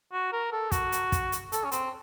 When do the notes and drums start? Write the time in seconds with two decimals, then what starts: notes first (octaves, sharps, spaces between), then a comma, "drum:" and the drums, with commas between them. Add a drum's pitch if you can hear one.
0.13 F#4
0.32 A#4
0.53 A4
0.72 F#4, drum: kick, hi-hat
0.92 drum: hi-hat
1.12 drum: kick, hi-hat
1.32 drum: hi-hat
1.52 A4, drum: hi-hat
1.65 C#4
1.72 C4, drum: hi-hat